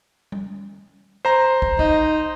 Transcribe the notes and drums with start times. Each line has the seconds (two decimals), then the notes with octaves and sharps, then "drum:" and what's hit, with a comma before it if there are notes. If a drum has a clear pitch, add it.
0.32 drum: tom G3
1.25 C5 A#5
1.62 drum: kick
1.79 D#4, drum: kick